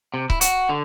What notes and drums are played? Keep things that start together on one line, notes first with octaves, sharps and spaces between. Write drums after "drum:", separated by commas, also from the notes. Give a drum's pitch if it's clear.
C3
E4, drum: kick C#1
F#4, drum: hi-hat
D3